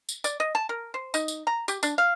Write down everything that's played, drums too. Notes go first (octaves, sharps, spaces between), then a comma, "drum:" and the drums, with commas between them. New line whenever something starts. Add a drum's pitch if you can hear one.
drum: tambourine
D5, drum: tambourine
D#5
A5
A#4
C5
D#4, drum: tambourine
drum: tambourine
A#5
G4, drum: tambourine
D4, drum: tambourine
F5